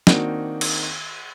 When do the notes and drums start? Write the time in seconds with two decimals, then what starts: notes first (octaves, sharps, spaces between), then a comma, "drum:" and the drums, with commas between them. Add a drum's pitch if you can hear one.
0.07 D#3 A#3 C4 D4 D#4 F#4, drum: snare
0.61 drum: cymbal